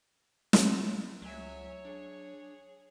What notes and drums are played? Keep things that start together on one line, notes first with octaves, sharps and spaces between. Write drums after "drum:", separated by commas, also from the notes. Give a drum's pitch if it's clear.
drum: snare
C#2 F#3 C#5 E5 G#5
D4 G#4